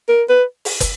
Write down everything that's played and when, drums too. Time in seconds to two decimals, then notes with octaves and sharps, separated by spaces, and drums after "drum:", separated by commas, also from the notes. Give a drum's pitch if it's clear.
0.09 A#4
0.29 B4
0.65 drum: open hi-hat
0.80 drum: kick, hi-hat